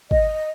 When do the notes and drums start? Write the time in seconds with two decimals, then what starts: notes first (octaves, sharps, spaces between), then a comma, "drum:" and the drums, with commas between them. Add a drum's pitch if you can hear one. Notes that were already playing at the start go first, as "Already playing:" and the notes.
0.11 D#5, drum: kick